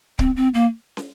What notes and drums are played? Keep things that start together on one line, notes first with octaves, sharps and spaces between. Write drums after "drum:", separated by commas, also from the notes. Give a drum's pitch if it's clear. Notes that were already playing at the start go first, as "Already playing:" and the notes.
C4, drum: kick C#1
C4
A#3
drum: snare